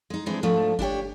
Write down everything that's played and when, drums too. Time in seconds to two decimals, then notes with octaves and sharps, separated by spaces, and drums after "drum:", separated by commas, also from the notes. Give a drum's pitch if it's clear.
0.10 G#3 D#4
0.26 E3 G#3 C4 D4
0.43 G#2 F3 A3 D4
0.79 D4 E4 G4 C#5, drum: kick G1